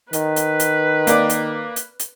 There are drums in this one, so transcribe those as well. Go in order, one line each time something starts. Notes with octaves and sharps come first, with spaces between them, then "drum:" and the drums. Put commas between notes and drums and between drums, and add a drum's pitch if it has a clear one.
D#3 B4, drum: hi-hat
drum: hi-hat
drum: hi-hat
A#3 D5, drum: hi-hat
drum: hi-hat
drum: hi-hat
drum: hi-hat